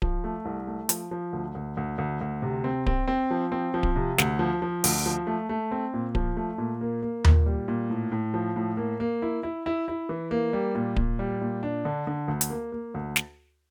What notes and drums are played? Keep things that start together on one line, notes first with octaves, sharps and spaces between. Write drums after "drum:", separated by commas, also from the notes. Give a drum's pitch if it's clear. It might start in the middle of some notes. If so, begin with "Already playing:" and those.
F3, drum: kick D1
A3
C2
A3
F3, drum: hi-hat
F3
D2
D2
D2
D2
D2
C3
C4
C4, drum: kick D1
C4
F3
C4
F3
drum: kick D1
C3
D2, drum: snare
F3
F3
D2, drum: open hi-hat
F3
A3
A3
C4
A#2
F3, drum: kick D1
A3
A#2
A#3
A#3
A#2, drum: tom D#2
G3
A#2
A2
A2
F3
A2
A#3
A#3
E4
E4
E4
E4
E3
A#3
G3
A#2
A#2, drum: kick D1
G3
A#2
D4
D3
D3
D2
drum: hi-hat
A#3
A#3
D2
drum: snare